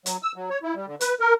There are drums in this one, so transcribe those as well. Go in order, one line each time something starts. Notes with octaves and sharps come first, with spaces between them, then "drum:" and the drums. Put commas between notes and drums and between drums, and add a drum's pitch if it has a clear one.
F#3, drum: hi-hat
E6
F#3
C#5
E4
G3
D3
B4, drum: hi-hat
A#4